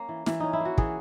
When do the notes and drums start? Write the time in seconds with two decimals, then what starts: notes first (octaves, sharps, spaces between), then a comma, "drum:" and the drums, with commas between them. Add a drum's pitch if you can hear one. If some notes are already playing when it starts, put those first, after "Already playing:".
Already playing: A#3 C#4
0.09 E3
0.26 E3, drum: snare
0.40 C#4 D#4
0.53 E4
0.60 A#3
0.65 F#4
0.78 E3 G#4, drum: kick